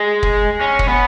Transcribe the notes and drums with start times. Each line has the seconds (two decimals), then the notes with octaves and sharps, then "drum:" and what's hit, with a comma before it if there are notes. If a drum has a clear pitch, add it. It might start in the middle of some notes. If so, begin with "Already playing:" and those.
Already playing: G#3
0.23 drum: kick
0.61 C#4
0.79 drum: kick
0.88 B3